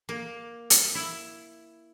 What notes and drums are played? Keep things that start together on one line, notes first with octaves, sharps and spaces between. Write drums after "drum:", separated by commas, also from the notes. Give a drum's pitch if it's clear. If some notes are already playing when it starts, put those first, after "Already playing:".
A#3
drum: hi-hat
E4